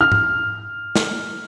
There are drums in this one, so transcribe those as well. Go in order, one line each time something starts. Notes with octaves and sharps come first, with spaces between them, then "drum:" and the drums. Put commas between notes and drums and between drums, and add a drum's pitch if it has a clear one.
F6
drum: tom G#2
drum: snare